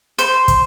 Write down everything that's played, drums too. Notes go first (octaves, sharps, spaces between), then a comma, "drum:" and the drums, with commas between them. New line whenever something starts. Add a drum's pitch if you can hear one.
C5, drum: hi-hat
drum: kick, hi-hat